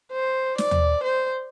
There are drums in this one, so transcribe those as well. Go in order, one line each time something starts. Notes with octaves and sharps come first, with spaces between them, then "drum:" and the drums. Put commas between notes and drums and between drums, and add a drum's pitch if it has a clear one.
C5
D5, drum: snare
drum: tom D#2
C5